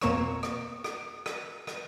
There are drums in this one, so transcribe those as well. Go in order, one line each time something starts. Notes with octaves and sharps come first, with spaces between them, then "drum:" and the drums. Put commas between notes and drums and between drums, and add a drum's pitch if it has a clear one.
F2 B2 A#3 C4 C#5 E7, drum: rim click
drum: rim click
drum: rim click
drum: rim click
drum: rim click